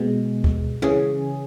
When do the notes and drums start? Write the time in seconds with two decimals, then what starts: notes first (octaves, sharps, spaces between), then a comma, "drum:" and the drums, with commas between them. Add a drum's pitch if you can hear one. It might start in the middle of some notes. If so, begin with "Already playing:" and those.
Already playing: B2 G#3 B3
0.44 drum: kick C#2
0.82 C#3 E3 C#4 G#4, drum: tom